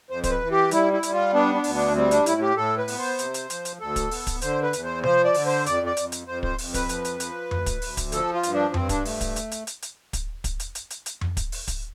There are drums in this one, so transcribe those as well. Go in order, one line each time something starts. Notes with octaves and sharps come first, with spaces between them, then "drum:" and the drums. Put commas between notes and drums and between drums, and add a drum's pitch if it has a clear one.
F2 C5
C5, drum: kick, hi-hat
B4
E3
G4
G3 E4, drum: hi-hat
E4
G3, drum: hi-hat
F4
B3 D4
D4
D2, drum: open hi-hat
D4
G3 C4
D4, drum: hi-hat
A2 E4, drum: hi-hat
G4
A2 A4
B4
B3, drum: open hi-hat
C5
C3, drum: hi-hat
drum: hi-hat
F3, drum: hi-hat
drum: hi-hat
D2 A4
drum: kick, hi-hat
B3, drum: open hi-hat
drum: kick, hi-hat
D3 C5, drum: hi-hat
B4
E2, drum: hi-hat
C5
F3 C5, drum: tom C3
D5
D3, drum: open hi-hat
C5
F2 D5, drum: hi-hat
D5
F2, drum: hi-hat
drum: hi-hat
F2 C5
C5, drum: kick
F2, drum: open hi-hat
B4, drum: kick, hi-hat
F3, drum: hi-hat
drum: hi-hat
F3, drum: hi-hat
D2, drum: tom F2
drum: kick, hi-hat
D2, drum: open hi-hat
drum: kick, hi-hat
F3 A4, drum: hi-hat
F4
G2, drum: hi-hat
D4
G2 C4, drum: tom F2
D4, drum: kick, hi-hat
A3, drum: open hi-hat
drum: kick, hi-hat
drum: hi-hat
drum: hi-hat
drum: hi-hat
drum: hi-hat
drum: kick, hi-hat
drum: kick, hi-hat
drum: hi-hat
drum: hi-hat
drum: hi-hat
drum: hi-hat
drum: tom F2
drum: kick, hi-hat
drum: open hi-hat
drum: kick, hi-hat